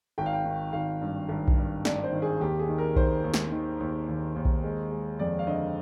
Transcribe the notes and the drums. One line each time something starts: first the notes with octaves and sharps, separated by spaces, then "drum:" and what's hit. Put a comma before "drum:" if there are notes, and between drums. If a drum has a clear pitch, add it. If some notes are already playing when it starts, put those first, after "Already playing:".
G#1 G5
F5
G5
D#3
G#1 F5
G2
G#1
drum: kick B1
G2
G#1 D5, drum: snare
C5
D#3
G#4
D#2 G4
G#4
D#3
A#4
D#3 C5, drum: kick B1
D#2
drum: snare
D#3
D#2
D#2
D#2
drum: kick B1
G#3
G#3
F2 D5
F5
D3 D#5